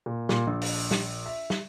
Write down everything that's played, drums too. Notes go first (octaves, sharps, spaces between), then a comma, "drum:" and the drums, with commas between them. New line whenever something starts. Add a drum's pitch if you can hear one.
A#2
A#2, drum: snare
A#1
drum: open hi-hat
drum: snare
E5
drum: snare